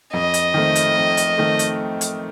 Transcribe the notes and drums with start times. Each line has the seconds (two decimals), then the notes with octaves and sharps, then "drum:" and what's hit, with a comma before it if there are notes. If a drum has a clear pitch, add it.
0.13 F2 D#5
0.34 drum: hi-hat
0.54 D#3 A3 C4
0.75 drum: hi-hat
0.97 F2
1.17 drum: hi-hat
1.38 D#3 A3 C4
1.59 drum: hi-hat
2.01 drum: hi-hat